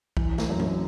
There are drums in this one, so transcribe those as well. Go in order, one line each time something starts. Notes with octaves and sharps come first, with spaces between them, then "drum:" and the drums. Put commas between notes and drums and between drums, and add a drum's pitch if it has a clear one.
E3, drum: kick B1
drum: snare
F#2
drum: tom A2